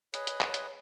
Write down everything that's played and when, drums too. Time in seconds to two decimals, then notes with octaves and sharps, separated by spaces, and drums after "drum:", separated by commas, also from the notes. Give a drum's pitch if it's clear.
0.14 G#4 B4 C#5 D#5, drum: hi-hat
0.27 drum: hi-hat
0.41 drum: clap
0.54 drum: hi-hat